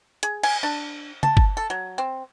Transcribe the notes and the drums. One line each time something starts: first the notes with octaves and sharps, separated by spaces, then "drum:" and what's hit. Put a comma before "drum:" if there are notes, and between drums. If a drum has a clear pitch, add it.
G#4, drum: hi-hat
G#5, drum: cymbal
D4
A5, drum: tom C#3
drum: kick G1
A4
F#3
C4